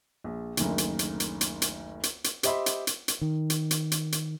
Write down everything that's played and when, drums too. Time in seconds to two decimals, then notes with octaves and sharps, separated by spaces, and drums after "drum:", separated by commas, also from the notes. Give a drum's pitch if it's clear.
0.24 A#1
0.57 F#1 D2 D#3, drum: hi-hat
0.78 drum: hi-hat
0.99 drum: hi-hat
1.20 drum: hi-hat
1.41 drum: hi-hat
1.62 drum: hi-hat
2.03 drum: hi-hat
2.24 drum: hi-hat
2.43 G4 C5 D#5 E5 B5 C6, drum: hi-hat
2.66 drum: hi-hat
2.87 drum: hi-hat
3.08 drum: hi-hat
3.21 D#3
3.50 drum: hi-hat
3.71 drum: hi-hat
3.92 drum: hi-hat
4.12 drum: hi-hat